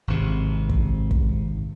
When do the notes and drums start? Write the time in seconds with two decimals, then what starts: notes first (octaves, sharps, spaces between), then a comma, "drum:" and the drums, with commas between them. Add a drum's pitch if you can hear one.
0.08 G#1 C3
0.69 drum: kick
1.11 drum: kick